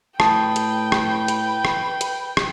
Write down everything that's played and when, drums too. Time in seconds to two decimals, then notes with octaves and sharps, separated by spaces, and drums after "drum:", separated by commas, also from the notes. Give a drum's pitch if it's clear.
0.20 A2 B4 G5 A5 D#6, drum: rim click
0.56 drum: hi-hat
0.92 drum: rim click
1.28 drum: hi-hat
1.65 drum: rim click
2.01 drum: hi-hat
2.37 drum: rim click